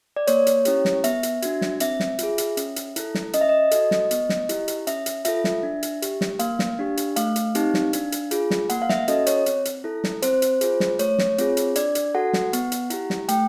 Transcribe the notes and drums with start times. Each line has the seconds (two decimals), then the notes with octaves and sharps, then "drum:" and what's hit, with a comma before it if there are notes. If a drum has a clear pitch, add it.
0.17 D5
0.27 A#3 C#5, drum: hi-hat
0.47 drum: hi-hat
0.65 C#4 E4 G4, drum: hi-hat
0.85 drum: snare
1.04 B3 E5, drum: hi-hat
1.23 drum: hi-hat
1.42 D4 F#4, drum: hi-hat
1.61 drum: snare
1.80 C4 E5, drum: hi-hat
2.00 drum: snare
2.19 F4 G#4, drum: hi-hat
2.38 drum: hi-hat
2.57 C#4, drum: hi-hat
2.76 drum: hi-hat
2.96 E4 A4, drum: hi-hat
3.15 drum: snare
3.33 C#4 D#5, drum: hi-hat
3.41 E5
3.49 D#5
3.71 F#4 A4, drum: hi-hat
3.91 drum: snare
4.11 B3, drum: hi-hat
4.29 drum: snare
4.49 E4 G4, drum: hi-hat
4.68 drum: hi-hat
4.87 C#4 E5, drum: hi-hat
5.06 drum: hi-hat
5.25 F4 A4 E5, drum: hi-hat
5.44 drum: snare
5.63 D4
5.83 drum: hi-hat
6.02 G4, drum: hi-hat
6.21 drum: snare
6.39 A#3 F5, drum: hi-hat
6.59 drum: snare
6.79 D4 G4
6.97 drum: hi-hat
7.16 A3 F5, drum: hi-hat
7.36 drum: hi-hat
7.55 C4 D#4 G4, drum: hi-hat
7.74 drum: snare
7.93 D4, drum: hi-hat
8.12 drum: hi-hat
8.31 F4 G#4, drum: hi-hat
8.51 drum: snare
8.69 A#3 F#5, drum: hi-hat
8.82 F5
8.89 E5, drum: snare
9.08 C#4 F#4 A4 D#5, drum: hi-hat
9.27 C#5, drum: hi-hat
9.46 C4, drum: hi-hat
9.65 drum: hi-hat
9.84 E4 A4
10.04 drum: snare
10.22 C4 C5, drum: hi-hat
10.42 drum: hi-hat
10.61 F4 G#4, drum: hi-hat
10.80 drum: snare
10.99 A3 C#5, drum: hi-hat
11.19 drum: snare
11.38 C4 F4 G#4, drum: hi-hat
11.57 drum: hi-hat
11.76 D4 D5, drum: hi-hat
11.95 drum: hi-hat
12.14 F#4 A4 F#5
12.33 drum: snare
12.53 B3, drum: hi-hat
12.72 drum: hi-hat
12.90 E4 G4, drum: hi-hat
13.10 drum: snare
13.29 A3 G5, drum: hi-hat